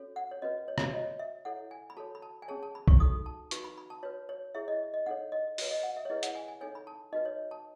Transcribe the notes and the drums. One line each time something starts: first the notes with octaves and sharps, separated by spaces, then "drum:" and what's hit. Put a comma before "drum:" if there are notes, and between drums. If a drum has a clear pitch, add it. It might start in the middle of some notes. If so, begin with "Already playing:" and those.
Already playing: C#4 F#4 A4 C#5
F#5
C#5
C#4 F#4 B4 D#5
C#5
drum: rim click
F#4 C#5 D#5
E5
E4 A4 C#5 F#5
G#5
B5
F#4 A4 C#5 A5
B5
A5
G#5
C#4 G#4 C#5 A5
A5
B5
C#6, drum: kick B1
D#4 F#4 A4 D#6
A5
D#4 F#4 B4 C#6, drum: hi-hat
B5
B5
A5
F#4 B4 C#5
C#5
E4 G#4 C#5 E5
D#5
D#5
D#4 A4 C#5 F#5
D#5
F#4 B4, drum: open hi-hat
D#5
F#5
E5
C#5
E4 G#4 B4 D#5
F#5, drum: hi-hat
G#5
G#5
D#4 A4 C#5 G#5
B5
A5
D#4 F#4 B4 D#5
C#5
A5